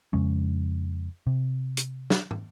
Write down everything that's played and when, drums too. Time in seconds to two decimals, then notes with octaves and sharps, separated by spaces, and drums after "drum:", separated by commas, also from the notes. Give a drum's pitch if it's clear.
0.13 F2 C#3 G#3 C#4
1.27 C3
1.77 drum: hi-hat
2.10 drum: snare
2.31 drum: tom